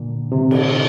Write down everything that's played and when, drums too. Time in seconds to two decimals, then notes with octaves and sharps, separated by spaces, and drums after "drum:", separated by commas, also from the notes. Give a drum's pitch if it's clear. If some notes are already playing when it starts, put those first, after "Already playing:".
Already playing: A#2 D3
0.32 C3
0.51 drum: cymbal